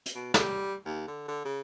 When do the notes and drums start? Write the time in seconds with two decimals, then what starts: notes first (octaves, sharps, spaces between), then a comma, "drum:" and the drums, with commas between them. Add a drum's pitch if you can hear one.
0.06 drum: hi-hat
0.15 B2
0.34 G3, drum: snare
0.86 D#2
1.08 D3
1.28 D3
1.45 C#3